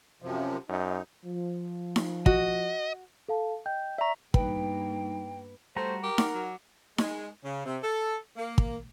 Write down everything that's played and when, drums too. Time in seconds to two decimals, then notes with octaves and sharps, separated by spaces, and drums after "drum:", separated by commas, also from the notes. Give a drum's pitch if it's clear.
0.22 F#2 C3 F3
0.69 F#2 D#4
1.25 F3
1.96 drum: snare D#4
2.26 F#4 D#5, drum: kick
3.29 A4 F5 A5
3.66 D#5 G5 G6
3.98 D5 E5 A#5 C#6
4.34 G2 G3 A#3 D#4 B4 G5, drum: kick
5.76 G3 A3 F#4 C5 A#5
6.03 G4 A#4
6.18 F#5 D6 F6, drum: snare D#4
6.34 F#3
6.98 G#3, drum: snare D#4
7.44 C#3
7.65 C3
7.83 A4
8.36 A#3
8.58 drum: kick